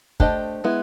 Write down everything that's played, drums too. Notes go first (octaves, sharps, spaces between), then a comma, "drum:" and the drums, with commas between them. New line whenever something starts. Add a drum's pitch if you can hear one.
A3 D4 G4 C5 D#5, drum: kick
G#3 B3 E4